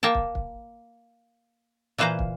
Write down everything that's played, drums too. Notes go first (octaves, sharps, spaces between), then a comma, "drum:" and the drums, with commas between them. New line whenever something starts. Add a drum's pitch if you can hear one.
A#3 A#4 G5 A5
drum: kick
drum: kick
A#2 E3 B4 C5 F5 A#5
drum: kick